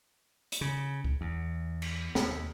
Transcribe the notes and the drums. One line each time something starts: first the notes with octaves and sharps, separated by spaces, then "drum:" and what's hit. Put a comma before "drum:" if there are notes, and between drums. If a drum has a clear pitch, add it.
drum: hi-hat
C#3
drum: kick C#2
E2
drum: cymbal
D#2, drum: snare